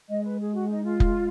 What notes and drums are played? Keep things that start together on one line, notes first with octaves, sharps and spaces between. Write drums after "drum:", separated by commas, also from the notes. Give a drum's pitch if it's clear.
G#3 D#5
B4
G#4
F#4
D#4
F4
drum: kick F1